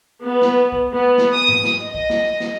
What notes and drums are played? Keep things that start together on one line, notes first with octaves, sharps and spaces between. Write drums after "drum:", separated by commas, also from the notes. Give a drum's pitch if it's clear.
B3
drum: snare
drum: kick
B3
drum: snare
D#6
drum: tom G#2
drum: snare
D#5
drum: kick
drum: snare
drum: snare